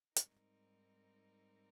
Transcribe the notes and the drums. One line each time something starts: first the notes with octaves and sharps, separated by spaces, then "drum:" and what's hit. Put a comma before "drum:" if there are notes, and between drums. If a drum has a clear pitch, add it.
G#2 G3 C4 D#4 A#4, drum: hi-hat